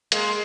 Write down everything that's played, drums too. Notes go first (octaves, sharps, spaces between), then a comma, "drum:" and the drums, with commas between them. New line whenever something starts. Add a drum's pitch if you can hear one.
G#3 A#3, drum: hi-hat